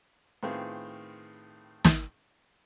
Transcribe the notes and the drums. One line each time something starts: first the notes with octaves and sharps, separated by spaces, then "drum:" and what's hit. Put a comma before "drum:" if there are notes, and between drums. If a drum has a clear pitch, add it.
A2 D#3 B3 C4 F4 G#4
drum: snare